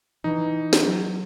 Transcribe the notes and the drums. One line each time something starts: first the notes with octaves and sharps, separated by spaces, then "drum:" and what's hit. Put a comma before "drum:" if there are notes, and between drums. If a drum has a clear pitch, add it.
E3 D#4
drum: snare
F#3